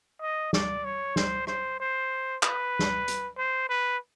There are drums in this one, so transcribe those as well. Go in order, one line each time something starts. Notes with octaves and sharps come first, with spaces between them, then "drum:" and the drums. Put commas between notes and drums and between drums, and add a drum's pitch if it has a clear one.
D#5
D5, drum: snare
C#5
C5, drum: snare
C5, drum: rim click
C5
B4, drum: clap
drum: snare
drum: hi-hat
C5
B4